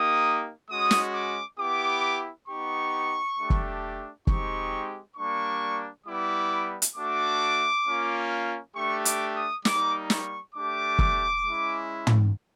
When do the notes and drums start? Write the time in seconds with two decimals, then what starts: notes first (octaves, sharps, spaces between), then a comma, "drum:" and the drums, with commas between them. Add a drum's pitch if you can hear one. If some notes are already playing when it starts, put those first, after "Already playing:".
Already playing: A#3 D#4 G4 D#6
0.69 G#3 C#4 F#4 D#6
0.91 drum: snare
1.13 D6
1.58 B3 E4 G4 D6
2.48 B3 D#4 G4 C#6
3.38 A3 D4 G4
3.50 drum: kick
4.27 G#3 C4 D#4 G4 C#6, drum: kick
5.17 G3 A#3 D4 C#6
6.06 G3 B3 E4 D6
6.82 drum: hi-hat
6.97 A3 D4 F#4 D6
7.86 A#3 C#4 F4
8.75 A3 D4 G4 C#6
9.05 D6, drum: hi-hat
9.36 D#6
9.65 G3 A#3 D#4 D6, drum: snare
10.10 C#6, drum: snare
10.55 A3 D4 G4 D6
10.99 drum: kick
11.44 G#3 C#4 E4
12.07 drum: tom